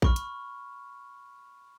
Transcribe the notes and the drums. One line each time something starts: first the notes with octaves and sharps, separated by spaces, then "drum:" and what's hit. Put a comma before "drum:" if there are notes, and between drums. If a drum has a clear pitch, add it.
B5 C#6 F6, drum: kick
drum: hi-hat